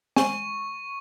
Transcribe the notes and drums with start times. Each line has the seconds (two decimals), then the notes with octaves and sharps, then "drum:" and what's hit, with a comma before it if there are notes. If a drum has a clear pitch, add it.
0.16 G#5 C#6, drum: snare